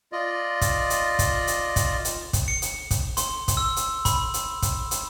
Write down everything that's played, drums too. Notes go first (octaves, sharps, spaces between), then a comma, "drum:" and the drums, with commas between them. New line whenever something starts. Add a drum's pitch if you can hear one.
F4 D5 D#5
drum: kick, hi-hat
drum: hi-hat
drum: kick, hi-hat
drum: hi-hat
drum: kick, hi-hat
drum: hi-hat
drum: kick, hi-hat
C#7
drum: hi-hat
drum: kick, hi-hat
C6, drum: hi-hat
drum: kick, hi-hat
E6
drum: hi-hat
B5, drum: kick, hi-hat
drum: hi-hat
drum: kick, hi-hat
drum: hi-hat